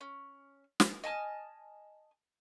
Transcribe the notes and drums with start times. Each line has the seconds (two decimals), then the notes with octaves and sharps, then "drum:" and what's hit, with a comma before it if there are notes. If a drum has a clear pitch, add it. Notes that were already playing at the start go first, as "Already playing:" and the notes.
0.01 C#4
0.80 drum: snare
1.04 D#5 G#5 A5 F6